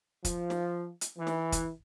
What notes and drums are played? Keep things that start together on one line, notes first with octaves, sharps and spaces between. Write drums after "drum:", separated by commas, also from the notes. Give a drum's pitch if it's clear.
F3, drum: kick, hi-hat
drum: snare
drum: hi-hat
E3
drum: snare
drum: kick, hi-hat